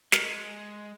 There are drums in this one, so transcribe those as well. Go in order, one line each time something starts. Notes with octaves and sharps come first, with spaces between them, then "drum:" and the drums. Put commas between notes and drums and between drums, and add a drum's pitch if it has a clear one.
G#3 A#4, drum: snare